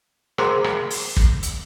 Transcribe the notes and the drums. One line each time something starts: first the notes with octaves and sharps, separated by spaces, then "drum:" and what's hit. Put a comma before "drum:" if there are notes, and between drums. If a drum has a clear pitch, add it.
G#4 A#4 C5 A#5 C6 D6, drum: rim click
drum: rim click
drum: open hi-hat
drum: kick
drum: hi-hat